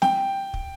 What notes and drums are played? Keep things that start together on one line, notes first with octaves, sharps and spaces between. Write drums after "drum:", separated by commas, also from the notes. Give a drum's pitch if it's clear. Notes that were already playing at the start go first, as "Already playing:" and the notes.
G5, drum: snare
drum: kick